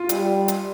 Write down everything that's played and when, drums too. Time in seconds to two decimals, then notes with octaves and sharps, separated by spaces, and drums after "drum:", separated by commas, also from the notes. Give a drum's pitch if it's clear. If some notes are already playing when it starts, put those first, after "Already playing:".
Already playing: F4
0.09 G3, drum: hi-hat
0.48 drum: hi-hat